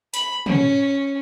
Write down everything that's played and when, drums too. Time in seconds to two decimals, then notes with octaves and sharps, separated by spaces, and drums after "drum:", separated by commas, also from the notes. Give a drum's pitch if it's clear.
0.14 B5, drum: hi-hat
0.46 C#4, drum: tom